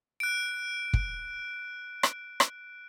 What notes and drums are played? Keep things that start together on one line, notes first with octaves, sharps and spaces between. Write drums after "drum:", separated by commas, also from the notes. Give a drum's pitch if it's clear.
F#6 D7
drum: kick
drum: rim click
drum: rim click